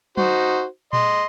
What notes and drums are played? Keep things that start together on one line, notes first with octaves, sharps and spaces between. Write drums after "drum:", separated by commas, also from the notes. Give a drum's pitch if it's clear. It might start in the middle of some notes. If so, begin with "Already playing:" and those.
D#4 F#4 C5, drum: tom F#3
D#5 C6, drum: tom A#2